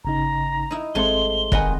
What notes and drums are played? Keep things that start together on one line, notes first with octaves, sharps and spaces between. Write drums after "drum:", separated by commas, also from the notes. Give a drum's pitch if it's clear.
G#1 C#3 D#4 A#5
D#4 E4
G#1 G#3 A3 C4 C6 G7
D#3 D#5 F#5 G#5 A#5 B5, drum: kick